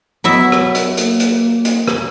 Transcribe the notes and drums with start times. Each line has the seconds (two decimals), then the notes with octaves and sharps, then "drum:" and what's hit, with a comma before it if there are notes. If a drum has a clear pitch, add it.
0.24 F#3 B3 E4 E5
0.52 drum: rim click
0.75 drum: hi-hat
0.97 A#3, drum: hi-hat
1.20 drum: hi-hat
1.65 drum: hi-hat
1.88 drum: rim click